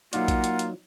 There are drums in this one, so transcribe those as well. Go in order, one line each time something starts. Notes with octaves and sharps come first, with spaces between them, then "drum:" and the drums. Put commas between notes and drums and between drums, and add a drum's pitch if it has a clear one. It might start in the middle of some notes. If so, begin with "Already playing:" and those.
F#3 A#3 D#4 F4 D5 F#5, drum: hi-hat
drum: kick A#1, hi-hat
drum: hi-hat
drum: hi-hat